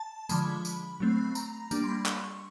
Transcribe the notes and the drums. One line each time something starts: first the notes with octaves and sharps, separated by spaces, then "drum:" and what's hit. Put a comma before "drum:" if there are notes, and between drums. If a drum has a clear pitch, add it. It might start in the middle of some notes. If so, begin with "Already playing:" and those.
Already playing: A5
D3 F3 G#3 B5, drum: tambourine
drum: tambourine
F#3 A3 C4
A#5, drum: tambourine
G3 A#3 D4, drum: tambourine
C6
B5
C6, drum: clap
C#6